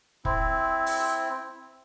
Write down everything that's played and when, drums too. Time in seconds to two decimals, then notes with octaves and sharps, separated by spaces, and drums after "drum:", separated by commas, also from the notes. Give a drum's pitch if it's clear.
0.25 C4 E4, drum: kick
0.86 drum: open hi-hat